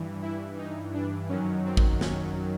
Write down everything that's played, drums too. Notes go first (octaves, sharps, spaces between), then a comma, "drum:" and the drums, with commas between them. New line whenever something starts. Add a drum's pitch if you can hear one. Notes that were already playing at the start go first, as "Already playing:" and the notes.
Already playing: G2 E3
E4
D#4
D4
F#2 D#3 F#3 C#4
C4
drum: kick
C#4, drum: snare